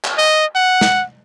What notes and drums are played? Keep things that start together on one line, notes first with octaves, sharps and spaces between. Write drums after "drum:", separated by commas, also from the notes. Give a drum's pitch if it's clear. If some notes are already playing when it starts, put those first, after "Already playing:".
drum: clap
D#5
F#5
drum: snare